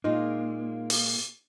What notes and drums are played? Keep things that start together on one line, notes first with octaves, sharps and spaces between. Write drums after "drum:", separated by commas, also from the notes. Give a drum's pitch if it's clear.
A#2 G#3 A#3 D#4 F4
drum: open hi-hat